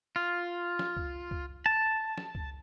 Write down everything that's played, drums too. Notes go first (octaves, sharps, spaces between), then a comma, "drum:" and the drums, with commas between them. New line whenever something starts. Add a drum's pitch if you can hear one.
F4
drum: snare
drum: kick C#2
drum: kick C#2
A5
drum: snare
drum: kick C#2